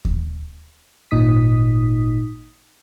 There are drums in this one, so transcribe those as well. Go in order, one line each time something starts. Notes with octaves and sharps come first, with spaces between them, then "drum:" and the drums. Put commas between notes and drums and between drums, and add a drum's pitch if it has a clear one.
drum: kick D#2
G#1 A#2 D#4 D#6 B6